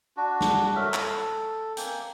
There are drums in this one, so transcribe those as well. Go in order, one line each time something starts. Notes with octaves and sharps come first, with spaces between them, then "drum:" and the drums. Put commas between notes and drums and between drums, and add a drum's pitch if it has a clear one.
D4 F#4
drum: snare
F#3 A3 A#4 E5
A4, drum: clap
A#3 G5 G#5, drum: hi-hat